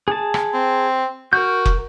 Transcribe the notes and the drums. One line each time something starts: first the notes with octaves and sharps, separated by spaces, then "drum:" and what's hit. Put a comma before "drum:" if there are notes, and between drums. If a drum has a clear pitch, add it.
G#4 A5
drum: rim click
C4
F#4 A#4 G6
drum: kick F1